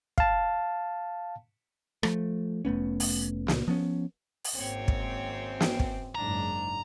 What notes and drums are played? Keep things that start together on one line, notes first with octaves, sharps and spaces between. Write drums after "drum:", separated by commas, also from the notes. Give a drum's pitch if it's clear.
F5 A5, drum: kick
F3 A3, drum: rim click
F1 A3 B3 C#4
drum: open hi-hat
C#2 A#2, drum: snare
F3 B3 C#4
drum: open hi-hat
G#1 F#2 A#3 C4 C#5
drum: kick
drum: snare
drum: kick
F#1 G#2 D4 A#5